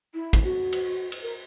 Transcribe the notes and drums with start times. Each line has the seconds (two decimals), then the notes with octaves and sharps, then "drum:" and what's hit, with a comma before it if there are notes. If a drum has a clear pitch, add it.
0.14 E4
0.33 drum: kick, cymbal
0.44 F#4
0.73 drum: cymbal
1.12 drum: cymbal
1.23 A#4